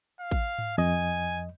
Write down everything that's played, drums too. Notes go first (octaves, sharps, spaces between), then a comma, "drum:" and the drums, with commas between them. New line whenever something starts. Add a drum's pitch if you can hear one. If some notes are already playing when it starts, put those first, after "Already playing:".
F5
drum: kick
drum: tom G#2
F2 D#5 G#5